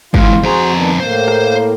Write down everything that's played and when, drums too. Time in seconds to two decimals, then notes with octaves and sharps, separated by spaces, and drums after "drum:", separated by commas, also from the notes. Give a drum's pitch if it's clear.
0.14 G#2 E3 F4, drum: kick
0.43 F2 F#4 G#4 C5 A#5
0.74 D#3 B3 D4
1.00 A2 A#3 C5
1.28 drum: rim click